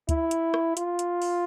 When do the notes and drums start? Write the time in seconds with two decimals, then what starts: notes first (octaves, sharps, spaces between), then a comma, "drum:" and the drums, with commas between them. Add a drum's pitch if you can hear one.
0.09 E4, drum: kick, hi-hat
0.31 drum: hi-hat
0.54 drum: rim click
0.77 F4, drum: hi-hat
0.99 drum: hi-hat
1.22 drum: open hi-hat